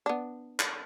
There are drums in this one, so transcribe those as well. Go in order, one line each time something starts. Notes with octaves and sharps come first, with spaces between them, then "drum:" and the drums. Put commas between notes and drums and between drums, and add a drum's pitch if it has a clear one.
B3 D4
drum: clap